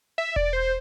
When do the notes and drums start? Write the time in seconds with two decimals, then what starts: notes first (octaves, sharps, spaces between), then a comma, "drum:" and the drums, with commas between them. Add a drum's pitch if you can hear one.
0.18 E5
0.36 D5, drum: kick E1
0.53 C5